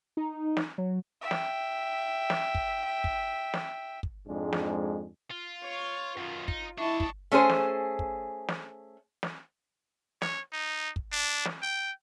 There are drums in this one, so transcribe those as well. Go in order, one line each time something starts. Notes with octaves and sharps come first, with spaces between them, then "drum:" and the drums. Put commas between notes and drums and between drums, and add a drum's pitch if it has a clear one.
D#4
drum: snare
F#3
E5 G5
drum: snare
drum: snare
drum: kick
drum: kick
drum: snare
drum: kick
F2 G#2 G#3 D4
drum: snare
F4
C#5 C#6
F#2 D#3 F4
D#4, drum: kick
D4 E4 D#5 A5 C#6
drum: kick
A3 C#4 G#4 C5
drum: snare
drum: kick
drum: snare
drum: snare
C#5, drum: snare
D#4
drum: kick
D4
drum: snare
G5